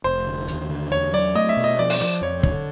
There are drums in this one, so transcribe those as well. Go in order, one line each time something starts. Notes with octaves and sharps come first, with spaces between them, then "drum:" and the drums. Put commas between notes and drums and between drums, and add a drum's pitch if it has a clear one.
F1 C5
D3
D#2, drum: hi-hat
D3
E2 C#5
F#3 D5
A3 D#5
E5
B2
D#5
F3 D5
drum: open hi-hat
F3 D5
F2 C#5
D3 C#5, drum: kick